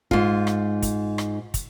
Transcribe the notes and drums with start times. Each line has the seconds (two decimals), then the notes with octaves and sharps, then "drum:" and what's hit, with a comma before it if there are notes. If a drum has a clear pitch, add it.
0.11 G#2 F4, drum: kick
0.47 drum: rim click
0.82 drum: kick, hi-hat
1.18 drum: rim click
1.54 drum: kick, hi-hat